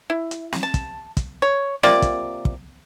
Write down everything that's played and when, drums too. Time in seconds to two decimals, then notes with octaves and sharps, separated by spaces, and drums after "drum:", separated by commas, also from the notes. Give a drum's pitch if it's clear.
0.10 E4
0.31 drum: hi-hat
0.52 drum: snare
0.63 A5
0.74 drum: kick, hi-hat
1.17 drum: kick, hi-hat
1.42 C#5
1.83 C3 A#3 F4 D5, drum: snare
2.02 drum: kick, hi-hat
2.45 drum: kick